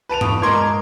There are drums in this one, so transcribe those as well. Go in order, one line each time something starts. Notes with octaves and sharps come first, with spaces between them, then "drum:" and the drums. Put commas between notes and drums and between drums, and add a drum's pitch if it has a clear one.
B4 A5 D7 F7
C#6 D#6, drum: tom G2
G#3 A#4 C6 D6 G#6